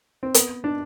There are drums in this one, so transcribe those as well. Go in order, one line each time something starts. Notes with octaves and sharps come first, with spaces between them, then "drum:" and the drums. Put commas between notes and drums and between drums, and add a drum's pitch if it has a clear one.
C4
B3, drum: hi-hat
D4